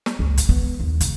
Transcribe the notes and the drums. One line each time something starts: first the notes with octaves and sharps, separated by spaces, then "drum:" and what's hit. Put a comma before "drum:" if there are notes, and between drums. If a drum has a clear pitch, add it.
drum: snare
C#2
drum: kick, hi-hat
B3
D#2
C#3, drum: hi-hat